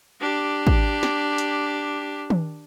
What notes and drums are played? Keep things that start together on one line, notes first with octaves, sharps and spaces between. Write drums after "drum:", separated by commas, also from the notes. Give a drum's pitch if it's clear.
D4 G4
drum: kick
drum: snare
drum: hi-hat
drum: tom D#3